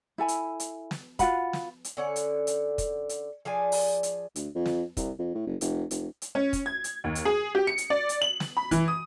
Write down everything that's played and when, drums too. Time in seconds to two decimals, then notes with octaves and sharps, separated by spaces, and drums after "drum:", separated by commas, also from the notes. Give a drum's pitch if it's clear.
0.18 E4 A4 G#5 B5
0.28 drum: hi-hat
0.60 drum: hi-hat
0.91 drum: snare
1.19 F4 F#4 F#5 B5, drum: kick, hi-hat
1.53 drum: snare
1.84 drum: hi-hat
1.97 D3 C#4 F#5
2.16 drum: hi-hat
2.47 drum: hi-hat
2.78 drum: kick, hi-hat
3.09 drum: hi-hat
3.45 F3 G#4 D5 G#5
3.72 drum: open hi-hat
4.03 drum: hi-hat
4.36 D2, drum: hi-hat
4.55 F2
4.66 drum: snare
4.97 C2, drum: kick, hi-hat
5.19 F2
5.35 A2
5.46 F#1
5.61 F1, drum: hi-hat
5.91 F1, drum: hi-hat
6.22 drum: hi-hat
6.35 C#4
6.53 drum: kick, hi-hat
6.66 G#6
6.84 drum: hi-hat
7.04 D#2
7.15 drum: hi-hat
7.25 G#4
7.55 G4
7.67 C#7
7.78 drum: hi-hat
7.90 D5
8.09 drum: hi-hat
8.22 F#7
8.40 drum: snare
8.57 B5
8.71 E3, drum: kick, hi-hat
8.88 D#6